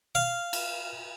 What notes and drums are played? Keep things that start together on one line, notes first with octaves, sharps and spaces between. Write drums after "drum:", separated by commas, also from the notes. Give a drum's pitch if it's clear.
F5
drum: cymbal